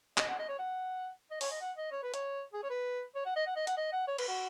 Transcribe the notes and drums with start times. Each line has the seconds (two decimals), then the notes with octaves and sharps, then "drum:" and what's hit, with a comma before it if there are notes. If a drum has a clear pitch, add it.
0.18 D#5, drum: clap
0.28 F#5
0.39 D#5
0.48 C#5
0.59 F#5
1.31 D#5
1.41 C#5, drum: open hi-hat
1.51 D#5
1.61 F#5
1.77 D#5
1.92 C#5
2.03 B4
2.14 C#5, drum: hi-hat
2.53 G#4
2.63 C#5
2.70 B4
3.15 C#5
3.26 F#5
3.36 D#5
3.47 F#5
3.56 D#5
3.67 F#5, drum: hi-hat
3.77 D#5
3.92 F#5
4.07 C#5
4.18 B4, drum: cymbal
4.28 F#4